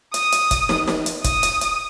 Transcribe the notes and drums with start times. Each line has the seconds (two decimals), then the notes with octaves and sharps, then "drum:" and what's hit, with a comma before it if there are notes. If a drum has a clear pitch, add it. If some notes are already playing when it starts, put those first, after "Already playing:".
0.14 D#6, drum: hi-hat
0.32 drum: hi-hat
0.51 drum: kick, hi-hat
0.69 drum: snare
0.88 drum: snare
1.06 drum: hi-hat
1.24 D#6, drum: kick, hi-hat
1.43 drum: hi-hat
1.61 drum: hi-hat